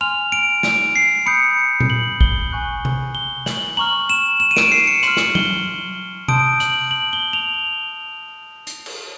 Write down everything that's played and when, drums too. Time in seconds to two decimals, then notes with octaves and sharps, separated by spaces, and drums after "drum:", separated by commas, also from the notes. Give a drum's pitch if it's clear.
0.01 G#5 C6 F6 F7
0.32 D7
0.63 D7, drum: snare
0.96 C7
1.26 B5 D#6 G6 C#7
1.80 drum: tom A#2
1.90 F#7
2.21 G7, drum: kick
2.52 G#5 C#6 F#6
2.85 drum: tom C3
3.15 G7
3.46 F#7, drum: snare
3.77 A#5 C#6 F6 F#7
4.10 E7
4.40 E7
4.51 D#7
4.57 D7, drum: snare
4.72 C7
4.87 C#7
5.03 C6 F6 F#7, drum: hi-hat
5.17 drum: snare
5.35 G7, drum: tom F#3
6.28 A5 C6 D#6 G6 D7, drum: tom C3
6.60 F#7, drum: hi-hat
6.91 F#7
7.13 G7
7.33 F7
8.67 drum: hi-hat
8.86 drum: cymbal